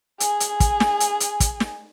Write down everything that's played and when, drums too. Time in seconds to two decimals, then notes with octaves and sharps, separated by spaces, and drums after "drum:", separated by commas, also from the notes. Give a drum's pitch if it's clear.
0.20 G#4 G#5, drum: hi-hat
0.40 drum: hi-hat
0.60 drum: kick, hi-hat
0.80 drum: snare
1.00 drum: hi-hat
1.20 drum: hi-hat
1.40 drum: kick, hi-hat
1.60 drum: snare